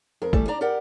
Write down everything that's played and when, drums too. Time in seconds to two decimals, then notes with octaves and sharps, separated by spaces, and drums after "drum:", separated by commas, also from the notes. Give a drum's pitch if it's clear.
0.22 F2 A#4
0.33 E3 G3 A3 A4, drum: kick
0.48 D4 D5 A#5
0.61 G4 A#4 D5 F#5